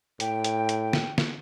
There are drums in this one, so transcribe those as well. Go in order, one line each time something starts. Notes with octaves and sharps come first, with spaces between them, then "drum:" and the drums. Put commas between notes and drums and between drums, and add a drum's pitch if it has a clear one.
A2 G5, drum: hi-hat
drum: hi-hat
drum: hi-hat
drum: snare
drum: snare